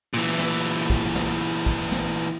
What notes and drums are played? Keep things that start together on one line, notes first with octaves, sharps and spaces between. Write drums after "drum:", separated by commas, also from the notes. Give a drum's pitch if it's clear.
A#2 E3
drum: snare
drum: kick
drum: snare
drum: kick
drum: snare